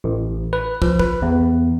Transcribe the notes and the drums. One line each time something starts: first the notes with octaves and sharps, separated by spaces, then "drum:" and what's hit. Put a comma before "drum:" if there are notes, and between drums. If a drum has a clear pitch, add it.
A1
B4
F3, drum: kick
B4, drum: kick
E2